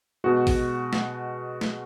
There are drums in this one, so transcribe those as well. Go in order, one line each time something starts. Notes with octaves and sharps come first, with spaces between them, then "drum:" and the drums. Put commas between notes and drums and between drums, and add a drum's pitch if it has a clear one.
B2 G#3 F#4
drum: kick, open hi-hat
drum: snare
drum: snare